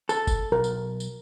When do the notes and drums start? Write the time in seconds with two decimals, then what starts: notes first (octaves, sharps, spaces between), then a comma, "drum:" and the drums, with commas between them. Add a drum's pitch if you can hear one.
0.09 A4, drum: tambourine
0.27 drum: kick F#1, tambourine
0.52 B1 A#4
0.64 drum: tambourine
1.00 drum: tambourine